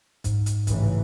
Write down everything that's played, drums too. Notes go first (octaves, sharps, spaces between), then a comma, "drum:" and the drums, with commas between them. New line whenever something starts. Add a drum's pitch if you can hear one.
G#2, drum: kick, hi-hat
drum: hi-hat
A1 C#3 E3, drum: kick, hi-hat